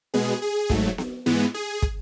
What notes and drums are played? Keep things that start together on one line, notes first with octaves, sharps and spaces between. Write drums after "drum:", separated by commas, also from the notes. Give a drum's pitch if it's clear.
B2 G#3 B3 G#4
G#4
G#2 F#3 A3, drum: kick
drum: snare B3
G#2 E3 G#3 B3
G#4
drum: kick